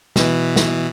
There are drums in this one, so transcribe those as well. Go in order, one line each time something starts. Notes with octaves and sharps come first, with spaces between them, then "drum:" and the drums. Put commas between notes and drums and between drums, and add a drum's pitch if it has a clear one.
B2 E3, drum: snare
drum: snare